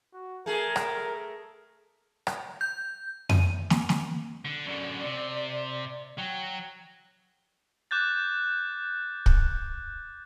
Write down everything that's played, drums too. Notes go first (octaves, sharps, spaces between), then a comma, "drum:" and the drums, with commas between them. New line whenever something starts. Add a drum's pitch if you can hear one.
F#4
A3 G#4 A#4
drum: rim click
drum: rim click
G6
D#7, drum: tom F2
drum: snare
drum: snare
D3
F#2 D3 D5
C3
F#3 G5
D6 F#6 G6 A6
drum: kick